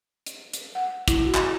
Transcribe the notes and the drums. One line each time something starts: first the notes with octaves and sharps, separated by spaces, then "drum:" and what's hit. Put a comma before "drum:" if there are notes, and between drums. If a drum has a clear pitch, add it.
drum: hi-hat
drum: hi-hat
F#5
E4, drum: kick, hi-hat
F#4
drum: clap